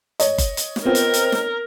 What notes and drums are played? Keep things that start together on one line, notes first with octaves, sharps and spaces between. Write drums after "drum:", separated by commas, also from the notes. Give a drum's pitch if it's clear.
C#5 D#5, drum: hi-hat
drum: kick F#1, hi-hat
drum: hi-hat
drum: snare
B3 C4 F4 A#4
drum: hi-hat
drum: hi-hat
drum: snare